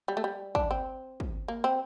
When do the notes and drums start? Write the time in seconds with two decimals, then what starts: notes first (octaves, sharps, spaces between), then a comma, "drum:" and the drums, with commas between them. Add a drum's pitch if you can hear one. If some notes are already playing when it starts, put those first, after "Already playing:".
0.08 G3
0.17 A3
0.24 G3
0.55 D4, drum: kick
0.71 C4
1.20 drum: kick
1.48 A#3
1.64 C4